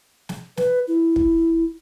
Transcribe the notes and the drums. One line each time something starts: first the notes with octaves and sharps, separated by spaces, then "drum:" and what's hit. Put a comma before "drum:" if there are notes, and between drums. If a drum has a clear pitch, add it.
drum: snare
B4, drum: snare
E4
drum: kick